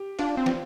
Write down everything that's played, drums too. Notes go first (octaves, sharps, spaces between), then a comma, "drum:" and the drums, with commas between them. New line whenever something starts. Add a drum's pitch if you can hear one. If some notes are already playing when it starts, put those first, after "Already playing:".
Already playing: G4
D4 F4, drum: cymbal
C4
C5, drum: snare